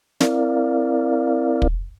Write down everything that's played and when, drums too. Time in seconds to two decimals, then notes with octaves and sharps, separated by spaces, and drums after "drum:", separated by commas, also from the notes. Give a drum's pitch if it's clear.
0.20 C4 E4 A#4 D5 F5, drum: snare
1.62 drum: kick